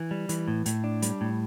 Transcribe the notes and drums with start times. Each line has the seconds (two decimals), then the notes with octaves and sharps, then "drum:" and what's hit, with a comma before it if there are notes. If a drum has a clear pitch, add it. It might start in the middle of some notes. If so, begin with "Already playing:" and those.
Already playing: E3
0.11 G3
0.29 E3, drum: hi-hat
0.48 A2
0.66 A2, drum: hi-hat
0.84 D4
1.02 G3, drum: hi-hat
1.21 A2